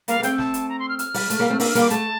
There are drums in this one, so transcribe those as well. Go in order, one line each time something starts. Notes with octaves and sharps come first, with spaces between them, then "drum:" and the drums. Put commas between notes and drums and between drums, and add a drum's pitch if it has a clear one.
G3 A#3 F5, drum: hi-hat
A#3
A3 C4 G5, drum: hi-hat
A5, drum: snare
drum: hi-hat
A#5
C6
F6
F6, drum: hi-hat
G3, drum: open hi-hat
A3, drum: hi-hat
G3 A#3
A3 C4
A#3 D4 E6, drum: open hi-hat
F6
G3 A#3, drum: hi-hat
D6
A3 A5, drum: hi-hat